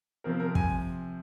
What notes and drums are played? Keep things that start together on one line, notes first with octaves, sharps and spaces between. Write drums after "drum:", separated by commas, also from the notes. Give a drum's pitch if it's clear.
C3 F3 C4 A#4
A#4
G#5, drum: kick